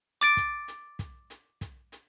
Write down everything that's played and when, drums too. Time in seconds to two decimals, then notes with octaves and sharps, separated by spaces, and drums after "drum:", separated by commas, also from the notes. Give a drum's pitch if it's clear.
0.21 D6 A6 D7
0.37 drum: kick, hi-hat
0.68 drum: hi-hat
0.99 drum: kick, hi-hat
1.30 drum: hi-hat
1.61 drum: kick, hi-hat
1.92 drum: hi-hat